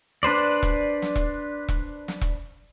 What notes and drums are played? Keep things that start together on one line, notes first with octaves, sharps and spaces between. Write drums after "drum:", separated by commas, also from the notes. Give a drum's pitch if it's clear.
D4 B4 C5 D5
drum: kick E1
drum: snare
drum: kick E1
drum: kick E1
drum: snare
drum: kick E1